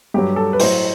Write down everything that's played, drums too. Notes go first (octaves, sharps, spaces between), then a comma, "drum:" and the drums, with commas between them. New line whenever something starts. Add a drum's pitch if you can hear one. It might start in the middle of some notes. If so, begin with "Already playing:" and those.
G2 F#3 G4
A4
B4
A2 F#3 C5, drum: open hi-hat